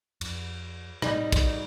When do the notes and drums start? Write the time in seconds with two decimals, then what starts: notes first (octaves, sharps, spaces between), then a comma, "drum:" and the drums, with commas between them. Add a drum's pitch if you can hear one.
0.21 F2, drum: cymbal
1.02 A2 C3 G3 D#4, drum: rim click
1.32 drum: kick, cymbal